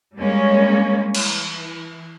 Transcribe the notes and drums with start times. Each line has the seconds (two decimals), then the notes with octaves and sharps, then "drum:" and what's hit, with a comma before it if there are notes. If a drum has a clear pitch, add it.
0.16 G3 G#3 A#3 C#4
1.15 E3, drum: cymbal